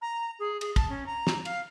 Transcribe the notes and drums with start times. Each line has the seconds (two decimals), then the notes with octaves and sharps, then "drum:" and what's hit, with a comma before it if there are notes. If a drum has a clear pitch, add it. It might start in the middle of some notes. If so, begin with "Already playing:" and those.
0.02 A#5
0.39 G#4
0.61 G#4, drum: cymbal
0.76 A5, drum: kick, cymbal
0.89 C#4
1.06 A#5
1.27 drum: snare
1.45 F5, drum: cymbal